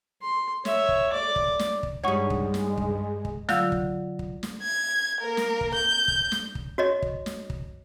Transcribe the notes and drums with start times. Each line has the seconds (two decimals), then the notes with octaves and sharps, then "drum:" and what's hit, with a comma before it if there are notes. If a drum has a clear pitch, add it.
0.21 C6
0.65 C#5 E5, drum: snare
0.89 drum: kick
1.12 D5 D6
1.36 drum: kick
1.59 drum: snare
1.83 drum: kick
2.04 G2 G3 G#3 D#4 C#5 F#5 C#6
2.30 drum: kick
2.54 drum: snare
2.77 drum: kick
3.25 drum: kick
3.49 D3 F#3 F4 F5 E6 G6, drum: snare
3.72 drum: kick
4.19 drum: kick
4.43 drum: snare
4.63 G#6
5.21 A#3 A#4
5.37 drum: snare
5.61 drum: kick
5.75 G6
6.08 drum: kick
6.32 drum: snare
6.55 drum: kick
6.78 F#4 C#5 D#5
7.02 drum: kick
7.26 drum: snare
7.50 drum: kick